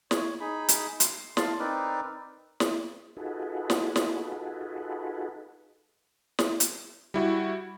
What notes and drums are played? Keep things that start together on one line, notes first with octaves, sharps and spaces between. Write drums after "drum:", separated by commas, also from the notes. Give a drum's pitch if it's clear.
C#5, drum: snare
D#4 G#4 B5
drum: hi-hat
C6, drum: hi-hat
F5 A5 C6, drum: snare
C4 D#4 A#4 B4 D5
drum: snare
D#4 F4 F#4 G#4 A4 B4
drum: snare
drum: snare
drum: snare
drum: hi-hat
G3 E4 F#4